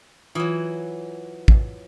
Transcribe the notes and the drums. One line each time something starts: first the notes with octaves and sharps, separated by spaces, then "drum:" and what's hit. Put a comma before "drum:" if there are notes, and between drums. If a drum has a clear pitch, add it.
E3 F#3 F4 D#6
drum: kick